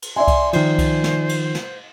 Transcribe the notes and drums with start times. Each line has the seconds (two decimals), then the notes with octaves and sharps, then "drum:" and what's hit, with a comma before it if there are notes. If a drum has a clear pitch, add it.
0.02 drum: cymbal
0.16 D5 E5 G#5 C6
0.28 drum: kick C2, cymbal
0.53 D#3 F3 C5, drum: cymbal
0.78 drum: kick C2, cymbal
1.04 drum: snare
1.29 drum: cymbal
1.55 drum: snare